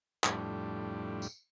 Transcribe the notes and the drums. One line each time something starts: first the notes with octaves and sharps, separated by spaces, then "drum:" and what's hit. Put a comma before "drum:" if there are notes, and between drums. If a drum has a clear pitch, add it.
F2 A2 G3 D4, drum: clap
drum: tambourine